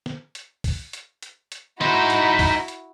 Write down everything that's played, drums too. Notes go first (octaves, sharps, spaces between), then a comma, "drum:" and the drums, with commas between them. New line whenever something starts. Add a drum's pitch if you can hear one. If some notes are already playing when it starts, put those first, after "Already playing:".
drum: snare
drum: hi-hat
drum: kick, open hi-hat
drum: hi-hat
drum: hi-hat
drum: hi-hat
D#4 E4 F#4 C5 B5, drum: snare
drum: hi-hat
drum: kick, open hi-hat
drum: hi-hat